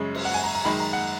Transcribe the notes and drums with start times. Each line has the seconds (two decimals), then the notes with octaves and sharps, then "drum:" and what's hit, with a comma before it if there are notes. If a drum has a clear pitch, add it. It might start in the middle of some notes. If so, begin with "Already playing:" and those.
Already playing: F#2 C#3 G#3 C#4
0.15 drum: cymbal
0.25 F#5
0.34 G#5
0.44 A#5
0.54 A#5
0.65 F#2 D#3 G#3 B5
0.80 A#5
0.93 F#5